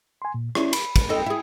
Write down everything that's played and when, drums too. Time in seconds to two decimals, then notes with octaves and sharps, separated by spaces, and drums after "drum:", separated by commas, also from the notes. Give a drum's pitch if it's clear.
0.22 G#5 C6
0.34 A#2
0.55 C#4 E4 D5, drum: rim click
0.73 B5, drum: cymbal
0.96 drum: kick, cymbal
1.09 C4 D#4 A4
1.26 E4 G#4